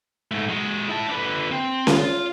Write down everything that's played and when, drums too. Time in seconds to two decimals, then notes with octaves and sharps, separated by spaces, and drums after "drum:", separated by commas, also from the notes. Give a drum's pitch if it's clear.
0.32 G#2 A3
0.49 G#3 F#4
0.89 E4 A5
1.08 D3 B4
1.51 C4
1.87 F4, drum: snare C#4